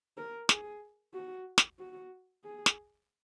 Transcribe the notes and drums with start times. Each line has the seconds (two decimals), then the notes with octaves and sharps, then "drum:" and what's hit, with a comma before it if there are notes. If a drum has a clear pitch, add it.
0.17 A#4
0.49 G#4, drum: snare
1.14 F#4
1.58 drum: snare
1.79 F#4
2.44 G#4
2.66 drum: snare